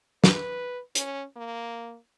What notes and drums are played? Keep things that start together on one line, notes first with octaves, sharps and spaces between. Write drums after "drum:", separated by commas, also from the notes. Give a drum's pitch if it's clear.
B4, drum: snare
C#4, drum: hi-hat
A#3